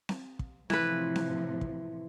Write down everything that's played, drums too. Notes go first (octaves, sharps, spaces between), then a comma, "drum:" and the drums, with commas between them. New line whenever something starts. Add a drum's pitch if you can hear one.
drum: snare C4
drum: kick
A2 C3 E3 F3 B4, drum: snare C4
drum: snare C4
drum: kick